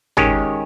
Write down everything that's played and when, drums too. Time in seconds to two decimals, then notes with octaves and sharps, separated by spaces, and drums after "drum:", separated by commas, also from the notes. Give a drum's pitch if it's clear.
0.17 D#3 G#3 C#4 G4, drum: tom G#1